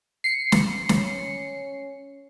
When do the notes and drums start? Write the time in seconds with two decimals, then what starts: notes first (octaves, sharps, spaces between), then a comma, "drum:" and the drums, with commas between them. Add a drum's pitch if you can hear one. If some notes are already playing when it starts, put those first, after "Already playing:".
0.24 C7 C#7
0.52 drum: snare
0.89 C#4, drum: snare